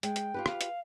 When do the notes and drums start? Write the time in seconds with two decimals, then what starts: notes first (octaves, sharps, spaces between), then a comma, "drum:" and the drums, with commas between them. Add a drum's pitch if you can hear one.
0.03 G#3 G5, drum: hi-hat
0.16 drum: hi-hat
0.34 F4 G4 B4
0.46 F5, drum: rim click
0.61 drum: hi-hat